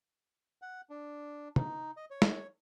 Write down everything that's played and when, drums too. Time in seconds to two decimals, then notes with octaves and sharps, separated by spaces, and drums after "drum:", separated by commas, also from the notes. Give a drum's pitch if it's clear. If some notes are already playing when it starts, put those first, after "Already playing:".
0.62 F#5
0.90 D4
1.56 D#4, drum: tom
1.97 D#5
2.11 C#5
2.22 drum: snare